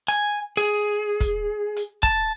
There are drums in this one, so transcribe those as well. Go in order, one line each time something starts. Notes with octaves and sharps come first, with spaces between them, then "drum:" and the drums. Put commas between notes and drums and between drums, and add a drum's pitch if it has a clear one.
G#5, drum: hi-hat
G#4
drum: kick, hi-hat
drum: hi-hat
A5, drum: kick